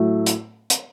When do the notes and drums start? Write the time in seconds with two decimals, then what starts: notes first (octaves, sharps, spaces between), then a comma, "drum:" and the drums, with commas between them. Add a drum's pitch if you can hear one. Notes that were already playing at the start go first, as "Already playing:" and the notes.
Already playing: A2 F#3 A3
0.26 drum: hi-hat
0.70 drum: hi-hat